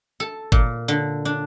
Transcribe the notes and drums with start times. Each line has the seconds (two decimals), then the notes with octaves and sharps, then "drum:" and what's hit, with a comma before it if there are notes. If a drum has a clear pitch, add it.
0.20 A4
0.52 A#2, drum: kick G1
0.88 D3
1.25 D4